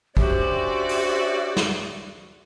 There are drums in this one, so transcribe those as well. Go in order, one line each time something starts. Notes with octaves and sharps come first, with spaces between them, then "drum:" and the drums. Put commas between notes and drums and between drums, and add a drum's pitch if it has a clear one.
C#4 D4 F#4 G4 C5 D5 E5, drum: kick
drum: open hi-hat
drum: snare